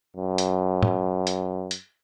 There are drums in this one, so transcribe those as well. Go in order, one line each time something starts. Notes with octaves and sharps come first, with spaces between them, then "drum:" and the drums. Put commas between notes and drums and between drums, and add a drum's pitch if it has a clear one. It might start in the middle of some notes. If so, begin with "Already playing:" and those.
F#2
drum: hi-hat
drum: tom A2
drum: hi-hat
drum: hi-hat